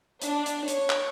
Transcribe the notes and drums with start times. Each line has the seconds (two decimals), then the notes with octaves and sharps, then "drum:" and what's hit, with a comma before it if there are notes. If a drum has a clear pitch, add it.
0.22 D4, drum: hi-hat
0.46 drum: hi-hat
0.68 C#5, drum: hi-hat
0.90 drum: clap